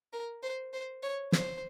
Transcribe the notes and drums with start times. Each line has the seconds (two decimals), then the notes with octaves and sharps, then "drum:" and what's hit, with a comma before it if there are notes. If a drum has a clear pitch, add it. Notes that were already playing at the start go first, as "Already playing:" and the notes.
0.13 A#4
0.43 C5
0.73 C5
1.03 C#5
1.32 C5, drum: snare